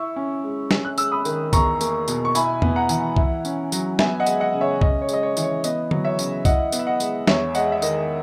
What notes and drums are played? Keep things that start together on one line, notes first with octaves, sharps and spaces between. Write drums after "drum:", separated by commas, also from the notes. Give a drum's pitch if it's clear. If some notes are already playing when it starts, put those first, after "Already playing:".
Already playing: E4 C#6 E6
C#4
G#3
C#4, drum: snare
F#6
G#3 E6, drum: tambourine
B5 D#6
D#3, drum: tambourine
E2 A#5 C#6, drum: kick C2, tambourine
A#3, drum: tambourine
B2, drum: tambourine
C#6
E4 G#5 B5, drum: tambourine
B3, drum: tom E2
F#5 A#5
E3, drum: tambourine
E4, drum: kick C2
C#4, drum: tambourine
F#3, drum: tambourine
B3 E5 G#5, drum: snare
D#5 F#5
G#3, drum: tambourine
D#5 F#5
C#3
C#5 E5
C#4 D#5, drum: kick C2
C#5
G#3 D#5, drum: tambourine
C#5
E3, drum: tambourine
C#5
B3 D#5, drum: tambourine
F#3, drum: tom
C#5 E5
C#3, drum: tambourine
E4 D#5 F#5, drum: kick C2, tambourine
B3, drum: tambourine
E5
D#5 F#5
G#3, drum: tambourine
E2 C#5 E5, drum: snare
G#3 D#5 F#5, drum: tambourine
E5
D#3 D#5, drum: tambourine